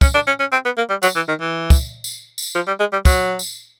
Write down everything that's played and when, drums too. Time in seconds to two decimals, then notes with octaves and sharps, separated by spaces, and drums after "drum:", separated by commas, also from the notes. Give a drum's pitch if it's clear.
0.01 C#4, drum: kick, tambourine
0.14 D4
0.27 C#4
0.40 C#4
0.52 C4
0.65 B3
0.78 A#3
0.90 G3
1.03 F#3, drum: tambourine
1.16 E3
1.28 D#3
1.41 E3
1.70 drum: kick, tambourine
2.04 drum: tambourine
2.38 drum: tambourine
2.55 F3
2.67 G3
2.80 G#3
2.92 G3
3.05 F#3, drum: kick, tambourine
3.39 drum: tambourine